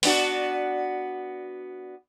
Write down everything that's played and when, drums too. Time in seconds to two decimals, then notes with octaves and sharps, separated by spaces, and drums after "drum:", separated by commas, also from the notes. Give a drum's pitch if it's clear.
0.03 B3 D4 F#4, drum: open hi-hat